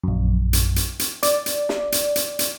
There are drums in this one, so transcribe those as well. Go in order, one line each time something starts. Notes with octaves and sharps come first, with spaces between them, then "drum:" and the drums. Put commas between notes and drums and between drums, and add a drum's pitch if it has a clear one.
A#1 F#2
drum: hi-hat
drum: hi-hat
drum: hi-hat
D5, drum: hi-hat
drum: hi-hat
drum: snare
drum: hi-hat
drum: hi-hat
drum: hi-hat